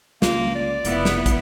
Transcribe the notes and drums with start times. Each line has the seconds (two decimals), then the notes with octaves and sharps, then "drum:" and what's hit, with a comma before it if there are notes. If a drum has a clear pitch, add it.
0.22 C#2 A#3 F4, drum: snare
0.56 D5
0.85 F1 B3 E4, drum: hi-hat
1.05 drum: snare
1.26 drum: kick, hi-hat